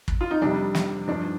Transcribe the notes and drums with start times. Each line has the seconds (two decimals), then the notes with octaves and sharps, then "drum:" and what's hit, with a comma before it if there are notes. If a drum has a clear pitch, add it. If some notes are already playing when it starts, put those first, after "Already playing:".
0.08 drum: kick
0.21 F4
0.31 D#4
0.42 F2 C3 G3 D4
0.75 drum: snare
1.07 G2 F3 D4